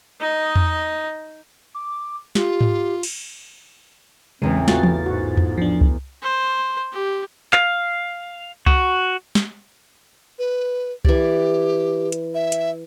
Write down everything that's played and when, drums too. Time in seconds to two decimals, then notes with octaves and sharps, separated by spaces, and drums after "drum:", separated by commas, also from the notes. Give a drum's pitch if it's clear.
0.20 D#4 D#5
0.56 drum: tom E2
1.75 D6
2.35 F4 G4, drum: snare
2.61 drum: tom G#2
3.03 drum: cymbal
4.42 A1 E2 C#3 E3 G#3 C4
4.68 A3 F4 F#4 A6, drum: snare
4.83 drum: tom E3
5.06 G#2 F#4
5.37 drum: tom E2
5.58 F3 D4
5.81 drum: kick C2
6.22 C5
6.92 G4
7.53 F5, drum: clap
8.66 F#4, drum: kick C2
9.35 drum: snare
10.39 B4
11.05 E3 G4 D5, drum: kick C2
12.12 drum: hi-hat
12.35 E5
12.52 drum: hi-hat